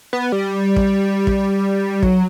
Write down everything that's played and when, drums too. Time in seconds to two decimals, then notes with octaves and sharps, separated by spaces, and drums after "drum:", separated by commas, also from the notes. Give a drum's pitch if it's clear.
0.13 B3
0.32 G3
0.76 drum: kick
1.27 drum: kick
2.03 F#3, drum: kick